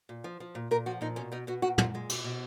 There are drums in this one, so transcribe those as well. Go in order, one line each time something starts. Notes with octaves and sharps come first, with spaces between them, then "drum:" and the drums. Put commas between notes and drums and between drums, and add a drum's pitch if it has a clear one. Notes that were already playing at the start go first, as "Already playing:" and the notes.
A#2
F3
F3
A#2
A#2 A#4
F3 F#4
A#2 D#4
B2 C#4
B2 D#4
B2 F#4
A#2 F#4
A#2 F4, drum: tom
A#2 G#3
B2, drum: cymbal
B2